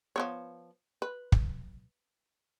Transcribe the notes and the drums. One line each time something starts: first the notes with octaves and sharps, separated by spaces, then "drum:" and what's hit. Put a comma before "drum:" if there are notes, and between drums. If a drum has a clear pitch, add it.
F3 B3 C#5
B4
drum: kick